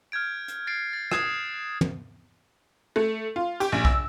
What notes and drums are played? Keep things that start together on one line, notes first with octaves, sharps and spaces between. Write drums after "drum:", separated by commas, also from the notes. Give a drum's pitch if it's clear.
F6 G6 G#6 D7
drum: hi-hat
A6 C7 D7
A6
D#6 F#6 G#6 C7 E7, drum: rim click
drum: tom
A3
F4
G4, drum: cymbal
A#1
E6, drum: kick B1